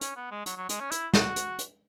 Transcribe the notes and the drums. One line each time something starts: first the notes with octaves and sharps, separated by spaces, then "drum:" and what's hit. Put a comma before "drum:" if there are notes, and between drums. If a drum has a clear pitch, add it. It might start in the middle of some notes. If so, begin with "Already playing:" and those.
C#4, drum: hi-hat
B3
G#3
F#3, drum: hi-hat
F#3
G#3, drum: hi-hat
C#4
E4, drum: hi-hat
F#4, drum: snare
drum: hi-hat
drum: hi-hat